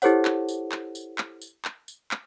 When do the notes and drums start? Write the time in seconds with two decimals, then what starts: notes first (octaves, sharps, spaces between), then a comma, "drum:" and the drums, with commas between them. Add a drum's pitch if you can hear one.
0.02 E4 G4 A4 C5 C#5 F#5, drum: tambourine
0.25 drum: clap
0.48 drum: tambourine
0.72 drum: clap
0.95 drum: tambourine
1.18 drum: clap
1.42 drum: tambourine
1.65 drum: clap
1.88 drum: tambourine
2.11 drum: clap